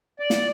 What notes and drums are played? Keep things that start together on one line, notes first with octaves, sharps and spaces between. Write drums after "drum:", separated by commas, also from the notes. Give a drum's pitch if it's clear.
D5
drum: snare